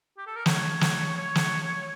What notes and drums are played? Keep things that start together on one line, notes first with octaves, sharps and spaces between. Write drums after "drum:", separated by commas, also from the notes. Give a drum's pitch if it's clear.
G4
A4
A#4
C#5, drum: snare
drum: snare
C#5
drum: snare